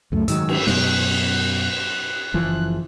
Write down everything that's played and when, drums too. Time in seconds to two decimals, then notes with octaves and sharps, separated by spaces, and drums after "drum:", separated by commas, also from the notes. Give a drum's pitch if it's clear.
0.12 C#2 F#2 A3
0.28 G#2 D#3 F#3 E6, drum: hi-hat
0.49 drum: cymbal
0.67 F#2 B2 F#6, drum: snare
2.34 F#1 E3 F3